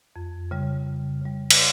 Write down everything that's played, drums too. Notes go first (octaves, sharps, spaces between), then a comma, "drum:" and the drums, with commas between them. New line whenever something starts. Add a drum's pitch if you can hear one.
F2
C#3 G3
F2
C#3 G3
drum: cymbal